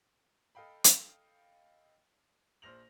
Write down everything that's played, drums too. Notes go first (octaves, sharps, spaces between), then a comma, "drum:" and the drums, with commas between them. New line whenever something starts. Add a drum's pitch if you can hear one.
A4 D#5 F5 G5 B5
drum: hi-hat
A#1 C5 F6 A#6 F7 F#7